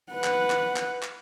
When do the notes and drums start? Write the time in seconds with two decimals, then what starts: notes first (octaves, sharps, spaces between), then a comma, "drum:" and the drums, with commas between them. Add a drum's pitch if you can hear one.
0.11 B4 F#5
0.24 drum: clap
0.50 drum: clap
0.76 drum: clap
1.03 drum: clap